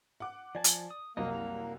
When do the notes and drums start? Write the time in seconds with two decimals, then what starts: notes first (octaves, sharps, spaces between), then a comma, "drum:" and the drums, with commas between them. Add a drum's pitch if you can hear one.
0.20 F#5 D6
0.55 F3 D5 G#5 A5
0.64 drum: hi-hat
0.90 D#6
1.17 C2 F#2 A#3 D#5
1.34 A#5